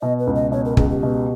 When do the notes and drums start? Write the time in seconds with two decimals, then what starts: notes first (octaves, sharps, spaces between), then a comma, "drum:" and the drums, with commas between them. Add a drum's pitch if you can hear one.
0.02 B2 D#5
0.19 B4
0.27 C#2
0.35 D#5
0.52 B2 C#5
0.65 A#4
0.77 C#2 G#4, drum: kick
0.90 G4
1.03 B2